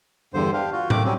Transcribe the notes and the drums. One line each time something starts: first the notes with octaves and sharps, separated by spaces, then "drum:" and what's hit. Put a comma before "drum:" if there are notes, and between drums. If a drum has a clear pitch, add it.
E2 G2 D3 C5
D4 G4 F5
F4 F#4
D#3 A3 D6, drum: tom A2
F#3 G3 C4 C#4